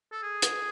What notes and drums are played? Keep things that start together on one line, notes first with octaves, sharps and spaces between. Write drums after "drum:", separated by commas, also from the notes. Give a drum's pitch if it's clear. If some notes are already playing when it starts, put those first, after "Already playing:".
A4
G#4
drum: hi-hat